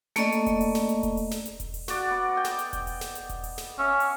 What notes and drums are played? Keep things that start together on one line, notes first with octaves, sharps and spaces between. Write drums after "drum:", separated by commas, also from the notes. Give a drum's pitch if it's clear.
A3 A#3 C#4 A4 D5 D#5, drum: snare
drum: hi-hat
drum: kick E1, hi-hat
drum: open hi-hat
drum: snare
drum: hi-hat
drum: kick E1, hi-hat
drum: open hi-hat
drum: snare
drum: hi-hat
drum: kick E1, hi-hat
drum: open hi-hat
F#4 D5 F#5, drum: snare
B3
D5 D#5 G5
drum: snare
drum: hi-hat
drum: kick E1, hi-hat
drum: open hi-hat
drum: snare
drum: hi-hat
drum: kick E1, hi-hat
drum: open hi-hat
drum: snare
C#4 E5
drum: open hi-hat